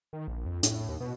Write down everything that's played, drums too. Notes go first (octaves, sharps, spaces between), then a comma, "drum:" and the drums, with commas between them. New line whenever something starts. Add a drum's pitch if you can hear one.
D#3
A#1
F2
A2, drum: hi-hat
D#2
B2